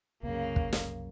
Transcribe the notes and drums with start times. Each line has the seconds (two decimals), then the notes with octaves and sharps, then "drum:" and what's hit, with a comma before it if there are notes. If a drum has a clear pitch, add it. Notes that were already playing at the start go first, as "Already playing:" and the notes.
0.23 C2 F#2 C#3 A#3
0.56 drum: kick
0.73 drum: snare